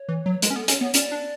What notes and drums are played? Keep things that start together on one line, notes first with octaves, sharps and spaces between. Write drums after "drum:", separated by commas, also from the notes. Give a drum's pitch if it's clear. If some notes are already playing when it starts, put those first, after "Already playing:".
Already playing: C#5
E3
F#3
C#5
G#3 B4, drum: hi-hat
C#4
B3 A4
C#4 C#5, drum: hi-hat
B3 C#5
C#4 D5, drum: hi-hat
D4